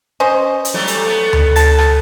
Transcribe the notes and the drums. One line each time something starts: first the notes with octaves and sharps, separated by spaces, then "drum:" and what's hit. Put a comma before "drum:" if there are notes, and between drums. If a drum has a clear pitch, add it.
C#4 C5 D#5
drum: hi-hat
F#3 G3 A3
drum: hi-hat
A3 B3
drum: tom D2
A5 A6, drum: hi-hat
drum: rim click